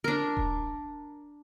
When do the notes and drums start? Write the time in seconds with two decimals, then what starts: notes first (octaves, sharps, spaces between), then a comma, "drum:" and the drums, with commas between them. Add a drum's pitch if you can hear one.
0.04 D4 A#4
0.37 drum: kick D#1